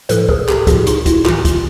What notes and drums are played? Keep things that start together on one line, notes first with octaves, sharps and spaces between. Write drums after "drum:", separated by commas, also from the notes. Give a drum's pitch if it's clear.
A2 F3 A4 B4, drum: hi-hat
G#4 A#4, drum: kick
G4 A4, drum: clap
A2 F3 F#4 G#4, drum: kick, hi-hat
D#4 F4, drum: hi-hat
E4 F#4, drum: kick, hi-hat
A2 E3 F4 G4, drum: clap
drum: kick, hi-hat